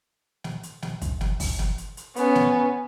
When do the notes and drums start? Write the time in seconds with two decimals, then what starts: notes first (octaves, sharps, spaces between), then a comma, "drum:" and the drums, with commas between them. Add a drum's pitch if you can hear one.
0.44 drum: snare
0.63 drum: hi-hat
0.82 drum: snare
1.02 drum: kick, hi-hat
1.21 drum: snare
1.40 drum: kick, open hi-hat
1.59 drum: snare
1.78 drum: hi-hat
1.97 drum: hi-hat
2.16 B3 C#4, drum: hi-hat
2.35 drum: snare